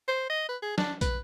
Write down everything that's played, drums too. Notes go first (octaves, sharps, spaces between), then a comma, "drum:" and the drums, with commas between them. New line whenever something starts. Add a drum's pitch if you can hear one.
C5
D#5
B4
G#4
D4, drum: snare
B4, drum: kick, hi-hat